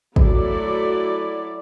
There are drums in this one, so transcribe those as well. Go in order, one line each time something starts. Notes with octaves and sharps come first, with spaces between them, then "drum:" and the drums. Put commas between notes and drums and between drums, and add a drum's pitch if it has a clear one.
F#3 A3 E4 A4 D5, drum: kick